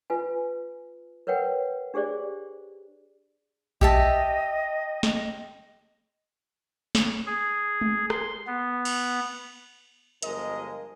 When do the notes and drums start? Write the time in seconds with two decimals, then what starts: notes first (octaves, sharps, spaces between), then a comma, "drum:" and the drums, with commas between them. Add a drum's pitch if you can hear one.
0.10 F4 B4 G#5
1.27 A#4 B4 C#5 F#5 G5
1.94 D4 G4 G#4 C5 D5
3.81 G4 D#5 E5 A5, drum: kick A#1
5.03 drum: snare
6.95 drum: snare
7.26 G#4
7.81 drum: tom G#3
8.10 C6, drum: rim click
8.47 B3
8.85 drum: cymbal
10.22 G1 F3 G#3 A#4 D#5, drum: hi-hat